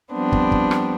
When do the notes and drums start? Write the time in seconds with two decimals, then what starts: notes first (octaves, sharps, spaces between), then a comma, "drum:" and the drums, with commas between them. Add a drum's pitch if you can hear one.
0.13 F3 G3 B3 C4 D4
0.32 drum: kick
0.52 drum: kick
0.71 drum: rim click